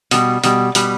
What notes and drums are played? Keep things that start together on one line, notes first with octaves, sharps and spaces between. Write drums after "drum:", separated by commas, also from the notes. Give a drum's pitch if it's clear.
B2 G3, drum: hi-hat
B2 G3, drum: hi-hat
B2 G3, drum: hi-hat